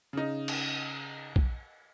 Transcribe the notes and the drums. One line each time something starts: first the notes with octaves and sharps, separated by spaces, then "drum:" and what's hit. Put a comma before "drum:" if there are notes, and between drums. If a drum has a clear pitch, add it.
C#3 D#4
drum: cymbal
drum: kick